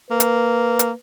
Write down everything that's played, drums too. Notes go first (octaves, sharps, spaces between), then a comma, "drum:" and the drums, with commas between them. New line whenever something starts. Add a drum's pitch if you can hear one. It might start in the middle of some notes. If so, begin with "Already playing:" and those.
A#3 B4
drum: hi-hat
drum: hi-hat